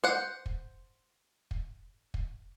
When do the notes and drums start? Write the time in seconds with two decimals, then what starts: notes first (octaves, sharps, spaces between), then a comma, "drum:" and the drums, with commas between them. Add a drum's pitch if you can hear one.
0.04 C5 F#5
0.46 drum: kick
1.51 drum: kick
2.14 drum: kick